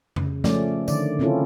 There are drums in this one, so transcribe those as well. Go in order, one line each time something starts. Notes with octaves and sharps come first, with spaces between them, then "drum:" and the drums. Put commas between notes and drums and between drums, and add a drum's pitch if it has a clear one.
C#3, drum: tom F2
F3 A3 C#4 D5, drum: snare
D3 D#3 D5, drum: tambourine
C#3 C4 C#4 E4 F4 A4